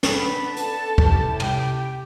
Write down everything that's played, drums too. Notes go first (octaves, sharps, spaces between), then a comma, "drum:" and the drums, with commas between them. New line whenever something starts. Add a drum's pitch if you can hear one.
drum: snare
B3 D4 A4 B4 B5
A4 A5, drum: hi-hat
C#4 E4 G4, drum: kick
G4 G5, drum: tom